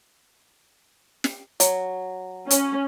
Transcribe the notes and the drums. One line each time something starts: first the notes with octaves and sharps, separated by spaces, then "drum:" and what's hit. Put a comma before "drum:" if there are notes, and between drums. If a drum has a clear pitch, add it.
drum: snare
F#3, drum: hi-hat
C#4, drum: hi-hat